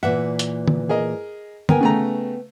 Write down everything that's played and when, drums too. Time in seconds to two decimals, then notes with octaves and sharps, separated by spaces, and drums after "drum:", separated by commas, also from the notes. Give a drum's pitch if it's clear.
0.03 A#2 E3 E5 F#5
0.39 drum: hi-hat
0.68 drum: tom
0.89 G#4 A#4 D#5
1.69 B3 A#4 G5 G#5, drum: tom
1.81 C#3 A3 A#5